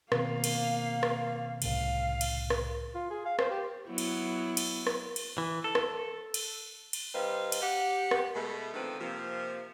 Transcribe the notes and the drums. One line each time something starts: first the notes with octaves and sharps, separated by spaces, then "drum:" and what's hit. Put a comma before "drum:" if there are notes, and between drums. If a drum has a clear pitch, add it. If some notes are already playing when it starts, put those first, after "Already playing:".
B2 D#3 A#3 C4 F5, drum: rim click
drum: cymbal
drum: rim click
C2 A2 C#3 F5, drum: cymbal
drum: cymbal
drum: rim click
F4
G#4
F5
C5, drum: rim click
G4
F#3 B3 E4
drum: cymbal
drum: cymbal
drum: rim click
drum: cymbal
E3
A4
drum: rim click
drum: cymbal
drum: cymbal
C3 G3 D#4 B4 C5 F5
drum: cymbal
G4 F#5
drum: rim click
B2 G#3 A3
D3 D#3 F3 C4 A4 B4
C3 F3 A#3